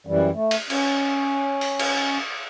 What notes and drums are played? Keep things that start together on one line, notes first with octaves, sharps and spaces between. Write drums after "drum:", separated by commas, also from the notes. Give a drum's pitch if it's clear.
F#2 E3 G3
A3
drum: cymbal
C#4, drum: cymbal
drum: open hi-hat
drum: cymbal